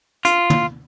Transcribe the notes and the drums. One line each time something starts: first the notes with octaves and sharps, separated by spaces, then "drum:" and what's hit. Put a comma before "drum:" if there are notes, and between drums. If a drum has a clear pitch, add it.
F4, drum: hi-hat
drum: tom